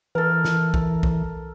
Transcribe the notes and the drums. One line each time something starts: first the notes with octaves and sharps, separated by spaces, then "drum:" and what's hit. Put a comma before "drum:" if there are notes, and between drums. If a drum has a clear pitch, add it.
E3 A4 A#4
drum: snare
drum: kick A#1
drum: kick A#1